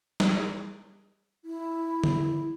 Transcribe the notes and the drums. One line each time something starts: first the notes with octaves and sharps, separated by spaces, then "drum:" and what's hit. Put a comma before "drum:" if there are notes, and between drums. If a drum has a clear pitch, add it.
drum: snare
E4
drum: tom D3